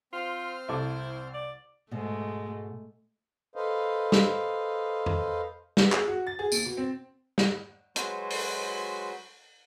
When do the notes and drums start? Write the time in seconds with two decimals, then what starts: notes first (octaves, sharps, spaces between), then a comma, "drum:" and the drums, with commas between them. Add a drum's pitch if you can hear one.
0.13 C4 F4 C5 F6
0.69 C2 E4 A4 D6
1.34 D5
1.91 G#2 B2 G#3 A3
3.56 A4 B4 C5 D#5 F5
4.12 drum: snare
5.06 drum: tom
5.77 B3, drum: snare
5.92 G#4, drum: clap
6.08 F#4
6.27 A6
6.39 G#4
6.52 D#2, drum: tambourine
6.65 B2
6.77 C4
7.38 drum: snare
7.96 F#3 G#3 F#4 B4 C5, drum: hi-hat
8.30 drum: open hi-hat